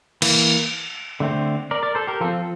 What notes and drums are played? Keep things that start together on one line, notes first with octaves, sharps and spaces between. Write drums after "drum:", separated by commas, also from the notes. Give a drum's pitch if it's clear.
E3 A#3, drum: cymbal
D3 A3 C4
A#4 D5
A#4 D5
A4 C5
G4 A#4
F3 C4 F4 A4